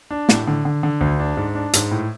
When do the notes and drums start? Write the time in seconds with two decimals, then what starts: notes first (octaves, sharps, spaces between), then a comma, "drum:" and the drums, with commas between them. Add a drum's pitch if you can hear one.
0.11 D4
0.29 A2, drum: snare
0.47 D3
0.65 D3
0.83 D3
1.01 D2
1.19 D4
1.37 G#2
1.55 D4
1.73 G#2, drum: hi-hat
1.91 A2